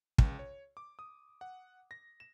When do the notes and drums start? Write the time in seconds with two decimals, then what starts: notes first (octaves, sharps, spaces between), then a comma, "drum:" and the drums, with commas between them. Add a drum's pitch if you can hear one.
0.18 C#2, drum: kick
0.39 C#5
0.77 D6
0.99 D#6
1.41 F#5
1.91 A#6
2.20 E7